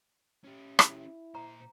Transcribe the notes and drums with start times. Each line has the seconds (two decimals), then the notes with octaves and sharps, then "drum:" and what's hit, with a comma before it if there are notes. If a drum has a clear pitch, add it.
0.45 C#4 G4
0.79 E4, drum: rim click
1.35 A#2 C5 A#5